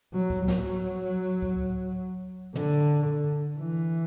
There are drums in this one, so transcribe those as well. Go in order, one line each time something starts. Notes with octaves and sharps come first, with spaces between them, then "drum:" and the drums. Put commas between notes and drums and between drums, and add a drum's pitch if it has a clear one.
F#3
drum: kick C#2
F#3, drum: snare
drum: kick C#2
D3, drum: tom
E3